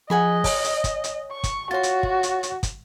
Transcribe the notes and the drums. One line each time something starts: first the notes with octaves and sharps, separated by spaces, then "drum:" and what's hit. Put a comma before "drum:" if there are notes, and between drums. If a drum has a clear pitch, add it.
F3 G#4 D#5 F#5 G#5 B5
C#5, drum: kick, open hi-hat
drum: hi-hat
drum: kick, hi-hat
drum: hi-hat
C#6
drum: kick, hi-hat
F4 F#4 C#5 C6 A6
drum: hi-hat
drum: kick
drum: hi-hat
drum: hi-hat
drum: kick, hi-hat